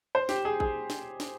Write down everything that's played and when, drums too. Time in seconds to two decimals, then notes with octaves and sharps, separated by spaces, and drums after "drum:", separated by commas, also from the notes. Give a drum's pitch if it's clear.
0.15 C5
0.29 G4, drum: snare
0.45 G#4
0.60 G#4, drum: kick A1
0.90 drum: snare
1.20 drum: snare